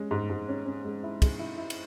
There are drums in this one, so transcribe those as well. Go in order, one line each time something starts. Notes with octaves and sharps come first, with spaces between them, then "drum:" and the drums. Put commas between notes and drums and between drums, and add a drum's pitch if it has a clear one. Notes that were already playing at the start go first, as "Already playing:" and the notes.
Already playing: G#3 C#4
G#2
G#2
C#4
C#4
G#3
E4
G#3, drum: kick, cymbal
E4
E4
drum: cymbal